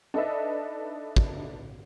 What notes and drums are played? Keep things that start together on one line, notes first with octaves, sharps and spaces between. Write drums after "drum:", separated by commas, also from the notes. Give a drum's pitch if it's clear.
D4 D#4 A4 B4 D#5 E5
drum: kick